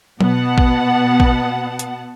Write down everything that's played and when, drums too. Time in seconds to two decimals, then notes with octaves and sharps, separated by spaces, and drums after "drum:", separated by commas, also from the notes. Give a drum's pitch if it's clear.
0.21 B2 B3 F#5 A5, drum: tom F#3
0.58 drum: kick A1
1.20 drum: kick A1
1.79 drum: hi-hat